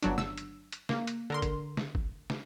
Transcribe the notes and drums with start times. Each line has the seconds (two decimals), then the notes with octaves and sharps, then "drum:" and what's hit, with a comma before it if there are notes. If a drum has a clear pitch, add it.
0.03 G1 F#3 D4, drum: hi-hat
0.18 E6, drum: snare
0.37 drum: hi-hat
0.72 drum: hi-hat
0.89 A#3, drum: snare
1.07 drum: hi-hat
1.30 D3 A#4 C6
1.42 drum: kick G1, hi-hat
1.77 drum: snare
1.95 drum: kick G1
2.30 drum: snare